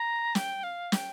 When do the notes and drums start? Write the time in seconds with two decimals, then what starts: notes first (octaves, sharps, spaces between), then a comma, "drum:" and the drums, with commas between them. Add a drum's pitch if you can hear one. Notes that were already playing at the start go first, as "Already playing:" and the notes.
Already playing: A#5
0.35 G5, drum: snare
0.63 F5
0.92 G5, drum: snare